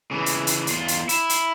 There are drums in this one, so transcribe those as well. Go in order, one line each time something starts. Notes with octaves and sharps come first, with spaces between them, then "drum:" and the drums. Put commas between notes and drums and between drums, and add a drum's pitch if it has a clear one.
C#3 E3
drum: hi-hat
drum: hi-hat
E2 F4, drum: hi-hat
drum: hi-hat
E4, drum: hi-hat
drum: hi-hat